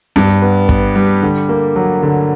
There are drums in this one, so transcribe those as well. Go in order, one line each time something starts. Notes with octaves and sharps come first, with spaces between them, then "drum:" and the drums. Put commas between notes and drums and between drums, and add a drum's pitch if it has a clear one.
G2, drum: snare B3
B3
B3, drum: kick
G3
D3
A#3
F#3
D3